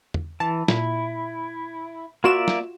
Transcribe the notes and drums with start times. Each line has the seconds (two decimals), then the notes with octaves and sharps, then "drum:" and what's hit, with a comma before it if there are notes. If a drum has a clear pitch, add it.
0.14 drum: tom
0.40 E3 A5
0.68 A#2 E4, drum: snare
2.24 A#3 F4 F#4 D5 E5 E7
2.48 drum: snare